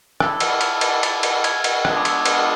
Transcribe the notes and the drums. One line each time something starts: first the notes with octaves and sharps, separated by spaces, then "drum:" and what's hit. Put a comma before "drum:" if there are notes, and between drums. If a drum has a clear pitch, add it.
E4 A4 D5 E6, drum: rim click
F6, drum: cymbal
F6, drum: cymbal
A6, drum: cymbal
A6, drum: cymbal
drum: cymbal
G#6, drum: cymbal
drum: cymbal
G#3 B3 D4 F4, drum: rim click
D6
E6, drum: cymbal
F6, drum: cymbal